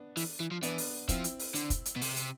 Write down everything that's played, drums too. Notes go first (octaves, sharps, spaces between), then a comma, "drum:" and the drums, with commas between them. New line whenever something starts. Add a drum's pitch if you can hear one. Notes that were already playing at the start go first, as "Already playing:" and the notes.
Already playing: B3 D4
E3, drum: open hi-hat
E3
F3
E3 B3 D4, drum: hi-hat
drum: open hi-hat
F3 C4 E4, drum: kick, hi-hat
drum: hi-hat
drum: open hi-hat
D3, drum: hi-hat
drum: kick, hi-hat
drum: hi-hat
B2
C3, drum: open hi-hat
drum: hi-hat